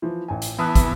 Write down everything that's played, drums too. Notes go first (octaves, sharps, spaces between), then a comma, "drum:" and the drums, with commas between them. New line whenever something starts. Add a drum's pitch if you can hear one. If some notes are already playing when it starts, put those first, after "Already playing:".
E3 F3
A1 G#5
drum: hi-hat
E3 B3 A5 D#6 F#6
drum: kick, hi-hat